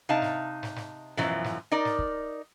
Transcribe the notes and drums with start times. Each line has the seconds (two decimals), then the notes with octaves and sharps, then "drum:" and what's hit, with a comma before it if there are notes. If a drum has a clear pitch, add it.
0.09 C3 D#4 F5 A5
0.22 drum: snare
0.63 drum: snare
0.76 drum: snare
1.17 F#2 B2 E3 F3, drum: snare
1.44 drum: snare
1.72 D#4 A#4 D5
1.85 drum: snare
1.99 drum: kick